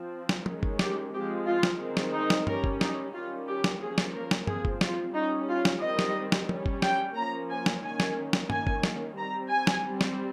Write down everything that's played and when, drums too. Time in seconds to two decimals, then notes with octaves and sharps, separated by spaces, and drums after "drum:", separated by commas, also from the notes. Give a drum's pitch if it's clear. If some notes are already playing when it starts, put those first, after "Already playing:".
Already playing: F3 C4
0.29 drum: snare
0.46 D#3 G#3 C#4, drum: tom
0.63 drum: kick G1
0.79 G4, drum: snare
1.13 F3 G#3 C4 G4
1.46 F4
1.63 drum: snare
1.80 D#3 G#3 C4
1.97 drum: snare
2.14 D#4
2.30 drum: snare
2.47 G3 C#4 A#4, drum: tom G2
2.64 drum: kick G1
2.81 D#4, drum: snare
3.14 D#3 G3 C#4 F4
3.47 G4
3.64 drum: snare
3.81 F3 A#3 C#4 G#4
3.98 drum: snare
4.14 A#4
4.31 drum: snare
4.47 F3 C4 G#4, drum: tom G2
4.65 drum: kick G1
4.81 F4, drum: snare
5.14 G3 C#4 D#4
5.49 F4
5.65 drum: snare
5.82 D#3 G3 C4 D#5
5.99 drum: snare
6.32 drum: snare
6.49 G3 C#4, drum: tom
6.66 drum: kick G1
6.82 G5, drum: snare
7.16 F3 A#3 C#4 A#5
7.50 G#5
7.66 drum: snare
7.83 D#3 A#3 C#4 G#5
8.00 drum: snare
8.33 drum: snare
8.50 D#3 A#3 C#4 G#5, drum: tom
8.67 drum: kick G1
8.83 drum: snare
9.17 G3 C4 A#5
9.50 G#5
9.67 drum: snare
9.84 G3 C4
10.01 drum: snare